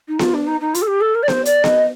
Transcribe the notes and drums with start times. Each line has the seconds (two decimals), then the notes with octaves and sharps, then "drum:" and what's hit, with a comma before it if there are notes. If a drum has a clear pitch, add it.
0.08 D#4
0.19 F4, drum: snare B3
0.34 D4
0.47 D#4
0.60 D#4
0.74 F4, drum: hi-hat
0.82 A4
0.87 G4
1.01 A4
1.15 A#4
1.23 D5
1.28 C5, drum: snare B3
1.45 D5, drum: hi-hat
1.64 D#5, drum: snare B3